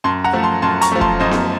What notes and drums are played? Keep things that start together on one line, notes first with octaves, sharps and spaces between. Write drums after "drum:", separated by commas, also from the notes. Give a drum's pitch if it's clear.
F#2 A5 C6
F#5 A#5
F3 A3
A5 C6
F#2 A5 C6
A#5 C#6, drum: hi-hat
F3 A3
A5 C6, drum: kick
F#2 C5 D#5
drum: snare B3